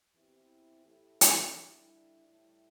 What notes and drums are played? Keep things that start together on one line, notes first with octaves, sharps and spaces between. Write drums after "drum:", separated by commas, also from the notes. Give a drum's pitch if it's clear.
E2 E3 C4 E4 G4
A2 A3 E4 G4
drum: hi-hat
D3 G3 E4
A2 G3 E4